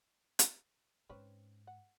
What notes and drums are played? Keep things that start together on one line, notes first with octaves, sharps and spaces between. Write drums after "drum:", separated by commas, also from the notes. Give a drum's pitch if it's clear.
drum: hi-hat
G#2 C4 C#4 B4
F#5